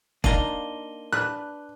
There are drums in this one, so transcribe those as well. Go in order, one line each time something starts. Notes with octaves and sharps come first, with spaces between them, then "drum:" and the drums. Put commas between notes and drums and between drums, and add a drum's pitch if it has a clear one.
A#3 D4 D#4 F4 F5 A#5 D#7 G7, drum: kick E1
D4 B4 F#6